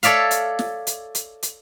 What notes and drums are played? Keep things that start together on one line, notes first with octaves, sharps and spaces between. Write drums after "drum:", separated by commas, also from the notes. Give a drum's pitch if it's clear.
A4 C#5 D5 E5 F5, drum: hi-hat
drum: hi-hat
drum: snare
drum: hi-hat
drum: hi-hat
drum: hi-hat